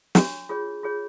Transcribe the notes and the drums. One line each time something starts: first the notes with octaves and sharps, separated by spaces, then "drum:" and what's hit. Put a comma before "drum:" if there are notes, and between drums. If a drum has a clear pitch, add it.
D4 F#4 C#5 C#6, drum: snare
F4 G#4 C#5
F4 G#4 C#5